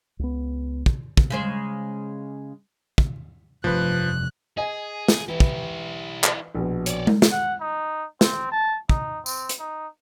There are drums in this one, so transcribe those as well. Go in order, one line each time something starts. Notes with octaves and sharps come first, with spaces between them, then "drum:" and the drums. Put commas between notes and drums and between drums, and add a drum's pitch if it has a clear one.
C#2 B3
drum: kick
drum: kick
C#3 G#3 C5
drum: kick
F1 G2 F3 B4 F#6
G#4 D#5 G#5
drum: snare
E3 E4 G4
drum: kick
drum: clap
A#1 B2
C#5 D5, drum: hi-hat
drum: tom G#3
drum: snare
F#5
D#4
C4, drum: snare
A5
D#4, drum: kick
C4, drum: tambourine
drum: hi-hat
D#4